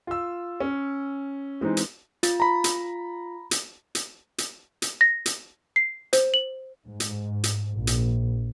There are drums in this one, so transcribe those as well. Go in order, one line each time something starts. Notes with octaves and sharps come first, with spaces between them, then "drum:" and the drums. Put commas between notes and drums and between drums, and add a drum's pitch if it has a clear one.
F4 E6
C#4
E3 G#3 C4 D#4
drum: hi-hat
F4 A6, drum: hi-hat
A#5 B5
drum: hi-hat
drum: hi-hat
drum: hi-hat
drum: hi-hat
drum: hi-hat
A#6
drum: hi-hat
C7
C5, drum: hi-hat
F#7
G#2
drum: hi-hat
drum: hi-hat
A#1
drum: hi-hat